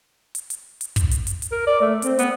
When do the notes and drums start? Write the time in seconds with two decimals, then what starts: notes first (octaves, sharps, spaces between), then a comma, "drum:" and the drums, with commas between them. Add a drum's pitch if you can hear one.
0.35 drum: hi-hat
0.50 drum: hi-hat
0.81 drum: hi-hat
0.96 drum: kick, hi-hat
1.11 drum: hi-hat
1.27 drum: hi-hat
1.42 drum: hi-hat
1.52 A#4
1.67 D5
1.81 A3
2.02 C4, drum: hi-hat
2.19 B3, drum: hi-hat